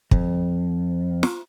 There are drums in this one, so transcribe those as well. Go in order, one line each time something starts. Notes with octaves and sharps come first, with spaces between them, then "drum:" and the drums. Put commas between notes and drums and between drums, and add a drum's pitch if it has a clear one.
F2, drum: kick
drum: snare